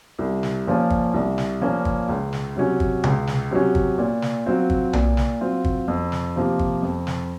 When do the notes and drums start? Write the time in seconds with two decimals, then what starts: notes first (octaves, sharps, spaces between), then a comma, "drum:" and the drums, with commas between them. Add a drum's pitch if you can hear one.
0.19 C2
0.43 drum: snare
0.67 A#2 F3 A#3 C#4
0.90 drum: kick
1.14 C2
1.38 drum: snare
1.61 A#2 F3 A#3 C#4
1.85 drum: kick
2.09 C#2
2.33 drum: snare
2.56 C3 F#3 C#4
2.80 drum: kick
3.04 C#2, drum: tom C3
3.27 drum: snare
3.51 C3 F#3 C#4
3.75 drum: kick
3.98 A#2
4.22 drum: snare
4.46 F#3 C4 F4
4.70 drum: kick
4.93 A#2, drum: tom B1
5.17 drum: snare
5.41 F#3 C4 F4
5.64 drum: kick
5.88 F2
6.12 drum: snare
6.36 C3 F3 A#3 F4
6.59 drum: kick
6.83 F2
7.07 drum: snare